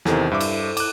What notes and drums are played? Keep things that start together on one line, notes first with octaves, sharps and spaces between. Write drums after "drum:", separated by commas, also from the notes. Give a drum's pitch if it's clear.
E2 C3 D#3 E4 A4 C5, drum: snare
G2 E5 D6
drum: cymbal
D6 F#6, drum: cymbal